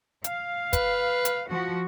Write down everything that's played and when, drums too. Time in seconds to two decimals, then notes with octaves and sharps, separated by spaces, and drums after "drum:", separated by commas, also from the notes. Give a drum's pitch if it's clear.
0.24 F5, drum: hi-hat
0.73 B4, drum: kick, hi-hat
1.25 drum: hi-hat
1.49 F3 F#4